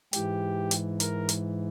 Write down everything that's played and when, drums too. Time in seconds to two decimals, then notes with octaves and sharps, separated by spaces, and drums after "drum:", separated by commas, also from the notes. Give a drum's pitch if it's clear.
0.13 G#2 E3 G4, drum: hi-hat
0.71 drum: hi-hat
1.00 A#4, drum: hi-hat
1.29 drum: hi-hat